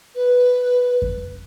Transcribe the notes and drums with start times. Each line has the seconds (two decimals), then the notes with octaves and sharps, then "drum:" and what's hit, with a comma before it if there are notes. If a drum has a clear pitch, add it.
0.15 B4
1.02 drum: kick F2